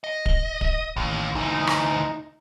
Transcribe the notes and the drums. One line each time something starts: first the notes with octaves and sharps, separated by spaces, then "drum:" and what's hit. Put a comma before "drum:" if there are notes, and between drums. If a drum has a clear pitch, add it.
D#5
drum: kick
drum: kick
A1 D#2
D2 E3 D#4
drum: rim click